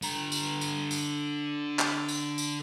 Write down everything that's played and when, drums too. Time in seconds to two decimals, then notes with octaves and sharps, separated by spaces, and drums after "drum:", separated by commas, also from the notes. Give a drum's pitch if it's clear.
0.02 D3 A#5, drum: tambourine
0.32 drum: tambourine
0.61 drum: tambourine
0.91 drum: tambourine
1.79 drum: clap
2.08 drum: tambourine
2.38 drum: tambourine